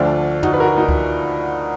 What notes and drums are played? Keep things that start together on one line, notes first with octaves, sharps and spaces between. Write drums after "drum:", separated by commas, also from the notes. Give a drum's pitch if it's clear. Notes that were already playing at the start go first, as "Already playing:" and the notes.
Already playing: D2 D3 F3 D4 F4
D#4 F#4, drum: tom
B4
F#4 A#4
D#4 F#4
drum: kick C#2